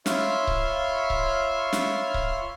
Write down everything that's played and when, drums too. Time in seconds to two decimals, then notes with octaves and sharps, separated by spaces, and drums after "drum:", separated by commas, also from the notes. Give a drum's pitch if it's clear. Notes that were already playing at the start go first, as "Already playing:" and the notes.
0.06 F4 C#5 E5 B5 C6 F6, drum: snare
0.47 drum: kick C#1
1.10 drum: kick C#1
1.73 drum: snare
2.14 drum: kick C#1